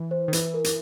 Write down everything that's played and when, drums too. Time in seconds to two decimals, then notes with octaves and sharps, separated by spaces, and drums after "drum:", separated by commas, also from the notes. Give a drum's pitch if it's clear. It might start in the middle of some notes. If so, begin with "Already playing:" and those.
Already playing: E3
0.11 C5
0.28 D#3
0.33 E3 B4, drum: hi-hat
0.54 A#4
0.64 drum: hi-hat